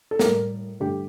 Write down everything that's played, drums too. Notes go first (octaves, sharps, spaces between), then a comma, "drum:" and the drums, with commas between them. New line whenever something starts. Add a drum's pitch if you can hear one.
A4
A2 G3 A#3 A#4, drum: snare
G2 D3 A3 G4